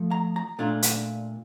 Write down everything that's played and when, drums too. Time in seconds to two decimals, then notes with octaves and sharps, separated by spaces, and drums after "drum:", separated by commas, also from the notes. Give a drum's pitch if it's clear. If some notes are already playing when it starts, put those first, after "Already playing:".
Already playing: F3 A3
0.11 A#5
0.36 A#5
0.59 A#2 A3 D4 F4
0.82 drum: hi-hat